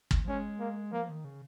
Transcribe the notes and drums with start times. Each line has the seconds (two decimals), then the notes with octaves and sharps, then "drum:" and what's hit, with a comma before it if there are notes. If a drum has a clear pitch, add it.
0.11 drum: kick
0.24 F3
0.28 G#3 C#4
0.60 A#3
0.92 F3 A#3
1.09 D#3
1.24 C#3